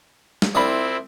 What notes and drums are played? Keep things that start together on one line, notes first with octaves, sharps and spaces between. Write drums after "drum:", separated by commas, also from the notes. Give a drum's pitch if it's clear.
drum: snare
C2 C4 D4 E4 F4 D5 B5 D#6